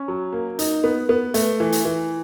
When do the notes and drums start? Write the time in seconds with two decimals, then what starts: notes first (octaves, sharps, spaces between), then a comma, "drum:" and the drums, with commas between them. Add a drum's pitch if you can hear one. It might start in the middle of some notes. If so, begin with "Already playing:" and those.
Already playing: C#4
0.08 F#3
0.33 A#3
0.59 D#4, drum: hi-hat
0.84 B3
1.09 B3
1.34 A3, drum: hi-hat
1.60 E3
1.72 drum: hi-hat
1.85 E3